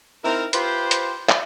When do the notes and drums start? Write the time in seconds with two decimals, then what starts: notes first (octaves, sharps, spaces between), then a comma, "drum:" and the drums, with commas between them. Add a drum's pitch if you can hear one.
0.24 C4 D#4 E4 A#4
0.53 F4 G4 B4 C5, drum: hi-hat
0.91 drum: hi-hat
1.29 drum: clap